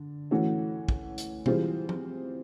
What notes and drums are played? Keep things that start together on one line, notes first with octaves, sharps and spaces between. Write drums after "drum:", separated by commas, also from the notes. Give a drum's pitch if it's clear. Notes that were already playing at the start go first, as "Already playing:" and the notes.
Already playing: D3 D4
A2 E3 A3 C#4 F#4
drum: kick
drum: hi-hat
E3 G3 C4 F4 G#4, drum: tom B2
drum: tom